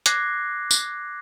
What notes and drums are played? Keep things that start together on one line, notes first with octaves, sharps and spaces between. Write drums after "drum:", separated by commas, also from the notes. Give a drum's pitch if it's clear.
D6 F#6 G#6 A#6 C7, drum: hi-hat
drum: tambourine